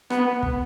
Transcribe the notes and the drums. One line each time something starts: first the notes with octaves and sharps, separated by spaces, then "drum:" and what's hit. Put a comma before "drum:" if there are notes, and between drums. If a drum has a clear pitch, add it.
B3, drum: rim click
drum: kick